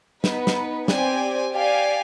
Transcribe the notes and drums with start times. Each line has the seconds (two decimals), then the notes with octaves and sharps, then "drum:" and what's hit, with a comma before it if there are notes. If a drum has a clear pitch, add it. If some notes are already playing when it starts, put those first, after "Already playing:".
0.24 B3 D#4 B4, drum: snare
0.47 drum: snare
0.88 C4 G4 D5 G#5, drum: snare
1.53 G4 D5 F5 G#5